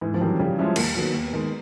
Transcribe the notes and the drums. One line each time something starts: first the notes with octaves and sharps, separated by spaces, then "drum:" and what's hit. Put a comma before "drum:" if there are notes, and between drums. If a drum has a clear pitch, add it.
G#2 E3
F3
D#3 G3 C4
F#3
C#3 G3
F3 G#3 C#4 E4
D#2 A#3, drum: cymbal
D#3 F#3 B3
D#2 B3
D#3 G#3